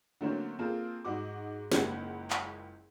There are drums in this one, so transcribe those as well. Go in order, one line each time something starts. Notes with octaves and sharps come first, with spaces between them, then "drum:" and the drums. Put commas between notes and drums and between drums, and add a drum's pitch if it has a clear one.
D3 F#3 A3 A#3 C4 C#4
A#3 C4 F4 G#4 A4
G#2 D#4 F#4 D6
F#1 C#2 A#3 F#5 B5 G#6, drum: snare
drum: clap